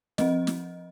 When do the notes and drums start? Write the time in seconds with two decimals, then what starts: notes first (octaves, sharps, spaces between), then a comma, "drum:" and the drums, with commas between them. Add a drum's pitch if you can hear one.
0.18 F3 C4 D#5, drum: snare
0.47 drum: snare